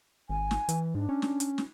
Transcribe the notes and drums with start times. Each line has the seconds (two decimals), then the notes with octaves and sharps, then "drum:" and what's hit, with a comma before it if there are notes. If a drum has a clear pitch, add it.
0.30 G#1 G#5
0.51 drum: snare
0.69 E3, drum: hi-hat
0.95 G#2 D4
1.09 C#4
1.22 drum: snare
1.40 drum: hi-hat
1.58 drum: snare